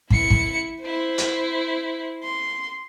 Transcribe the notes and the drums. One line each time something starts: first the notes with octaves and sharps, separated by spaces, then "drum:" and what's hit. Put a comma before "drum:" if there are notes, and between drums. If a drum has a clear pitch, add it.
E4 C#7, drum: kick
drum: kick
E4 C5
drum: hi-hat
C6